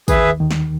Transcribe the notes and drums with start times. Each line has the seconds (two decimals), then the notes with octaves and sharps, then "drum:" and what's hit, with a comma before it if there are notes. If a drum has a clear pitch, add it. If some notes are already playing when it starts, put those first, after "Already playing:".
0.08 D#2 D#3 G#4 B4 E5, drum: kick, tambourine
0.40 D#2 D#3
0.51 drum: snare